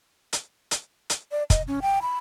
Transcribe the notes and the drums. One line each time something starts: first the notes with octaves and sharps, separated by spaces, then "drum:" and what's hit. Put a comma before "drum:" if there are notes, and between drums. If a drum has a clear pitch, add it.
drum: hi-hat
drum: hi-hat
drum: hi-hat
D5
D#5, drum: kick, hi-hat
C#4
G5
B5